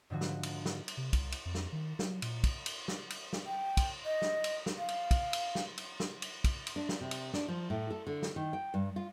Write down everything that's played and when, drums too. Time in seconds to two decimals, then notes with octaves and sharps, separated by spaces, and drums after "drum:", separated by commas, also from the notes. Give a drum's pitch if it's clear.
0.10 G#2 D3 F3 F#4
0.21 drum: snare
0.43 drum: cymbal
0.66 drum: snare
0.88 drum: cymbal
0.97 C3
1.13 C2, drum: kick, cymbal
1.32 drum: cymbal
1.45 F2
1.55 drum: snare
1.72 D#3
1.99 F#3, drum: snare
2.22 A#2, drum: cymbal
2.44 drum: kick, cymbal
2.66 drum: cymbal
2.88 drum: snare
3.10 drum: cymbal
3.33 drum: snare
3.47 G5
3.77 drum: kick, cymbal
4.05 D#5
4.22 drum: snare
4.44 drum: cymbal
4.66 drum: snare
4.78 F5
4.89 drum: cymbal
5.11 drum: kick, cymbal
5.33 drum: cymbal
5.55 drum: snare
5.78 drum: cymbal
6.00 drum: snare
6.22 drum: cymbal
6.44 drum: kick, cymbal
6.67 drum: cymbal
6.76 D4
6.89 drum: snare
7.01 C3
7.11 drum: cymbal
7.34 D4, drum: snare
7.48 F3
7.70 A2
7.91 A4
8.07 D3
8.22 drum: snare
8.36 D#3
8.53 G5
8.74 G2
8.96 F4